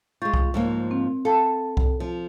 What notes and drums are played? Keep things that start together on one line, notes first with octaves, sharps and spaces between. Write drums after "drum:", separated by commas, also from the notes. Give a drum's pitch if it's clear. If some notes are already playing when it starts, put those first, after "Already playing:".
G#3 F4 C#6 G6 A6
drum: kick C2
G#2 F3 A#3 A#4 C#5 F5
C4
A4 F5 G5 A5
drum: kick C2
F3